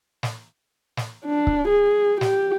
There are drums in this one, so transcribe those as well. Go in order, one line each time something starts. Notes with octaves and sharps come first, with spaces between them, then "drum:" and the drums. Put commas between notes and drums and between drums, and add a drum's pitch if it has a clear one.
drum: snare
drum: snare
D4
drum: kick C#1
G#4
G4, drum: snare